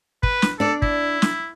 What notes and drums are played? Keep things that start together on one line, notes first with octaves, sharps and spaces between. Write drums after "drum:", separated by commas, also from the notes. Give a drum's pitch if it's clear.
B4, drum: kick
drum: snare
D4 A4 D5
E4, drum: kick
drum: snare